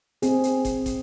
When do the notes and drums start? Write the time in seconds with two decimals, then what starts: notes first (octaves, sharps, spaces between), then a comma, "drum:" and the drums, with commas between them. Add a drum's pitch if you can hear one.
0.22 C4 G#4, drum: hi-hat
0.44 drum: hi-hat
0.65 drum: kick, hi-hat
0.86 drum: kick, hi-hat